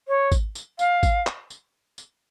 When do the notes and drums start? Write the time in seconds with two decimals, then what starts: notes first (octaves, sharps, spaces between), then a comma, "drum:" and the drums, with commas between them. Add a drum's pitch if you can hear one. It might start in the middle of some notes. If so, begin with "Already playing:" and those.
0.08 C#5
0.32 drum: kick G#1, tambourine
0.55 drum: tambourine
0.79 F5, drum: tambourine
1.03 drum: kick G#1, tambourine
1.27 drum: clap
1.50 drum: tambourine
1.98 drum: tambourine